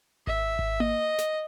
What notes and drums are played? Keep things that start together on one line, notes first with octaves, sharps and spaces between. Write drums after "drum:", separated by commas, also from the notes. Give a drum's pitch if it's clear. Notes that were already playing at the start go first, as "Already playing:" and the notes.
E5, drum: kick G#1
drum: kick G#1
D#5, drum: tom A#3
drum: snare